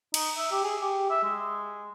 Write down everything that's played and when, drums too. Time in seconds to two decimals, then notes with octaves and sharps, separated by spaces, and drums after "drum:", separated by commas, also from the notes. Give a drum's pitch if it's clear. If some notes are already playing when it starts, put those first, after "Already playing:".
0.14 D#4, drum: cymbal
0.37 E5
0.51 G4
0.64 G#4
0.81 G4
1.10 E5
1.24 G#3